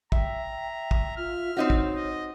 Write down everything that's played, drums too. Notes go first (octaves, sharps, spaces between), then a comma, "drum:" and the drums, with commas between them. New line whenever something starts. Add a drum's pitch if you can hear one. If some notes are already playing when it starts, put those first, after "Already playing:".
E5 G5 A#5, drum: kick
E5
drum: kick
F4 F6
C4 D#4 F#4 C#5
drum: kick
D#5